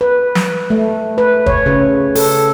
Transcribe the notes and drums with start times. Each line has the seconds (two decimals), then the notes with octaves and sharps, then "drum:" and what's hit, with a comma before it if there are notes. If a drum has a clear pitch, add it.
0.01 B4
0.35 drum: snare
0.70 A3
1.18 B4
1.46 C#5, drum: kick
1.66 C#3
2.15 A4, drum: open hi-hat